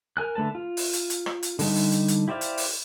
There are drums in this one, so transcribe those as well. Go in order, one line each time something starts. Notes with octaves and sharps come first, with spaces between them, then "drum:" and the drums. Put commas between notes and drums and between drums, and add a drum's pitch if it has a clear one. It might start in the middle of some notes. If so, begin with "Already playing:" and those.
A#4 G#5 F#6
D3 A3 B4 A5
F4
drum: open hi-hat
drum: hi-hat
drum: hi-hat
drum: rim click
drum: hi-hat
D3 G3 D#4, drum: open hi-hat
drum: open hi-hat
drum: hi-hat
drum: hi-hat
E4 G4 C5 D5 F5
drum: hi-hat
drum: open hi-hat